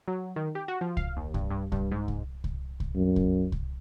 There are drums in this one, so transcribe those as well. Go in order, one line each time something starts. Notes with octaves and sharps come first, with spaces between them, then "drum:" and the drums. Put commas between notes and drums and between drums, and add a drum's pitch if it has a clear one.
F#3
D#3
G4
F#4
F3
F5, drum: kick C2
D#2
G2, drum: kick C2
G2
G2, drum: kick C2
G#2
drum: kick C2
drum: kick C2
drum: kick C2
F#2
drum: kick C2
drum: kick C2